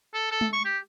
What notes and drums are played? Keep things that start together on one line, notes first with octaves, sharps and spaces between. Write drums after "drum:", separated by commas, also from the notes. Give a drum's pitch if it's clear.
A4
A4
drum: tom G#3
C#6
G4